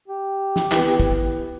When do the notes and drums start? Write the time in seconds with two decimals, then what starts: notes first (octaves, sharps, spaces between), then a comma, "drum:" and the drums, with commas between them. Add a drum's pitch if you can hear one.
0.08 G4
0.56 drum: snare
0.72 E3 B3, drum: clap
1.00 drum: kick